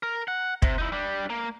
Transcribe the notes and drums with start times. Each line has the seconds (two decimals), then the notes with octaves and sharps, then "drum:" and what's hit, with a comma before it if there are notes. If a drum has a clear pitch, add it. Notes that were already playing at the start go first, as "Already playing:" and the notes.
0.03 A#4
0.28 F#5
0.62 C3, drum: kick
0.78 D#4 E4
0.92 G3 D4
1.30 A#3